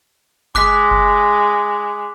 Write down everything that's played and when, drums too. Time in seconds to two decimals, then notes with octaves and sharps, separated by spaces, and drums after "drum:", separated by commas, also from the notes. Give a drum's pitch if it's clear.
0.55 G#3 D6 F#6 B6, drum: kick F#1
0.91 drum: kick F#1